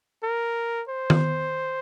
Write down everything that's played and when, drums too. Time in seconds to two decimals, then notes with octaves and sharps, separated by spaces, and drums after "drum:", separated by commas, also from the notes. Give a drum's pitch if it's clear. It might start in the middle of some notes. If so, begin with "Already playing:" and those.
0.24 A#4
0.89 C5
1.10 drum: tom D#3